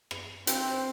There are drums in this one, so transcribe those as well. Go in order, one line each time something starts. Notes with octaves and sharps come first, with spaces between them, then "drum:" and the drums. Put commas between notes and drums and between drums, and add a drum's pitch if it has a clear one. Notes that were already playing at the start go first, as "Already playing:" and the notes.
drum: rim click
C4, drum: hi-hat